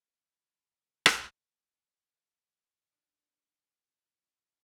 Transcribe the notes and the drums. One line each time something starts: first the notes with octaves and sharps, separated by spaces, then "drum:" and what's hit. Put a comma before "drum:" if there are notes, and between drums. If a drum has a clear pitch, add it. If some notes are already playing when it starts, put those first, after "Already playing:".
C2 B5
drum: rim click
F3 D4 D#4